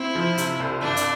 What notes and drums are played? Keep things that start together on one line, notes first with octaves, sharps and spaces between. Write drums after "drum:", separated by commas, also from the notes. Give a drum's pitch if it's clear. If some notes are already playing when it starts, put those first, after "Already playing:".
Already playing: C4 E4
F3
C3, drum: hi-hat
C2
G1 D4
drum: hi-hat